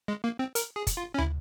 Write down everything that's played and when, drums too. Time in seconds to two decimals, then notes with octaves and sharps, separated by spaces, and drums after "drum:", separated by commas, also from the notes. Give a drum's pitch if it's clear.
0.08 G#3
0.24 A#3
0.39 C4
0.55 A#4, drum: hi-hat
0.76 G#4
0.87 drum: kick, hi-hat
0.97 F4
1.14 C#4
1.18 E4, drum: tom